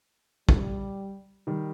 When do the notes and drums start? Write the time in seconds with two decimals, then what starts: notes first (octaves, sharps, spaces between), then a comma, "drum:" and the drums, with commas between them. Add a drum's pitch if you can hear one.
0.49 G3, drum: kick
1.47 D#3 G3